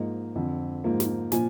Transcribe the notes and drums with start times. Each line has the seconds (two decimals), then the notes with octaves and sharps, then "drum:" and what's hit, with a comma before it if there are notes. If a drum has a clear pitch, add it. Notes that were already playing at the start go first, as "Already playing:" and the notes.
Already playing: G#2 F3 A#3 D#5
0.35 F2 D3 F3
0.84 G#2 F3 A#3
1.00 drum: snare
1.32 A#2 F3 G#5, drum: snare